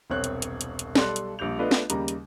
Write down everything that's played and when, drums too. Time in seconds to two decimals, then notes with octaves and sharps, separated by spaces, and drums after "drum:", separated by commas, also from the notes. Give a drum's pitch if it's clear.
0.10 E1 C2 C4 C#5 F#6
0.24 drum: hi-hat
0.42 drum: hi-hat
0.61 drum: hi-hat
0.79 drum: hi-hat
0.95 B1 G3 A4 D5 C6 F#6, drum: snare
1.16 drum: hi-hat
1.39 A#1 G3 D6 G6 F7
1.59 A3 B3 D4 F4 B4 D#5
1.71 drum: snare
1.90 D#2 C#3 G3 A#5, drum: hi-hat
2.08 drum: hi-hat